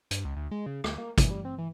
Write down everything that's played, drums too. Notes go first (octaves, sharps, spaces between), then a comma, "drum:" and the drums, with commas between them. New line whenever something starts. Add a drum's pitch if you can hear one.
G2, drum: hi-hat
C#2
D2
G#3
C#3
D2, drum: rim click
A#3
E3, drum: kick, hi-hat
G3
C4
E3